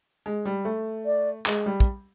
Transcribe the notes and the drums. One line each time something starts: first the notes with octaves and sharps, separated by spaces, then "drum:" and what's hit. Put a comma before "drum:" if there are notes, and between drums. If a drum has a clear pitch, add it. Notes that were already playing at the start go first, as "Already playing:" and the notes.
G#3
G3
A3
D5
G#3, drum: clap
G3
drum: kick